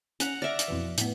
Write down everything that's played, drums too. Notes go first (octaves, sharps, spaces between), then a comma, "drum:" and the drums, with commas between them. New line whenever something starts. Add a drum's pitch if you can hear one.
C#4 F#5 A#5, drum: hi-hat
D5 E5 F6 A#6 D7
drum: hi-hat
F2 B2 E3
A2 B3, drum: hi-hat